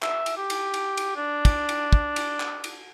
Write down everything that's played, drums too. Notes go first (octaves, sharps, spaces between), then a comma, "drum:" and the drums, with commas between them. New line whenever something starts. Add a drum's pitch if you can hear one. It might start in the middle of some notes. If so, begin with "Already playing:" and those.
E5, drum: clap
drum: cymbal
G4
drum: cymbal
drum: cymbal
drum: cymbal
D4
drum: kick, cymbal
drum: cymbal
drum: kick
drum: cymbal
drum: clap
drum: cymbal